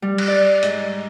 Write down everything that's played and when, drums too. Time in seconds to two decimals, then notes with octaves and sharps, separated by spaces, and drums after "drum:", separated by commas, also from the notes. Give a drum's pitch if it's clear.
0.02 G3
0.18 drum: cymbal
0.28 D5
0.63 G#2, drum: hi-hat